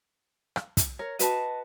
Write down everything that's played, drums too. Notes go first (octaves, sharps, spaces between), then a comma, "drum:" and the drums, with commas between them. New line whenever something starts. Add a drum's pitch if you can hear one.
drum: rim click
drum: kick, hi-hat
A#4 C#5
F#4 B4 D#5 A5, drum: hi-hat